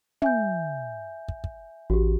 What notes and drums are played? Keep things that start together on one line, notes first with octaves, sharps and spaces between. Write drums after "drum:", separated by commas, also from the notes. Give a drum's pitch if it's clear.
E5 G#5 G6, drum: tom
drum: kick
drum: kick
A1 F#4 G4